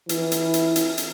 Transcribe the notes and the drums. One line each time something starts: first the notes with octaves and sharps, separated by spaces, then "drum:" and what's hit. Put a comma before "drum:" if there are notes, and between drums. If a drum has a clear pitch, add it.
E3, drum: hi-hat
drum: hi-hat
drum: hi-hat
drum: hi-hat
drum: hi-hat